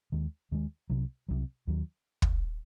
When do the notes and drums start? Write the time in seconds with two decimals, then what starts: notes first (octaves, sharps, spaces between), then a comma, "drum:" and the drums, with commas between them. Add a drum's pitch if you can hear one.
0.12 D#2 D#3 G#3
0.51 D#2 D#3 G#3
0.90 C2 C3 F#3
1.29 C2 C3 F#3
1.67 D#2 D#3 F#3
2.22 drum: kick